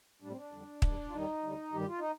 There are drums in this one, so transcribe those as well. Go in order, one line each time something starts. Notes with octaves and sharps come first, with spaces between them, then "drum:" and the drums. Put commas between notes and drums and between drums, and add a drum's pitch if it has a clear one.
A2 G3 D4
C4
D4
F2 D3 G3
D#2 D#3 G3, drum: kick
F4
D#2 D#3 G3 D#4
D2 D3 G3
G2 D#3 G3 G4
F4
D#4